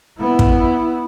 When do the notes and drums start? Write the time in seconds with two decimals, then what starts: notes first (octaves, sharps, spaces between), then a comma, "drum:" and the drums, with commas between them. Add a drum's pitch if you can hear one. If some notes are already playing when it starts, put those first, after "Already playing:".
0.18 B3 E4
0.39 drum: kick